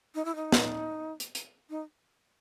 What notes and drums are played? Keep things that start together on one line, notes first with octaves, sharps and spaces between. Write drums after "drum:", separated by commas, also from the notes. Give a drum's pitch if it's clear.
D#4
E4
D#4
drum: snare
drum: hi-hat
drum: hi-hat
D#4